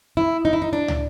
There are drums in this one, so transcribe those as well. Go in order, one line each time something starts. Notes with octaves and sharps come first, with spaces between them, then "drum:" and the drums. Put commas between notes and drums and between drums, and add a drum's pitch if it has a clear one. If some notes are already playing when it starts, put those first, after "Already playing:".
E4
D#4
E4
D#4
D4
drum: tom